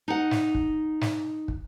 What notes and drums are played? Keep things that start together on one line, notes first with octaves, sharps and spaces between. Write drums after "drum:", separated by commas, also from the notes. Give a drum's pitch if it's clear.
D#4 F#5
drum: snare
drum: kick
drum: snare
drum: kick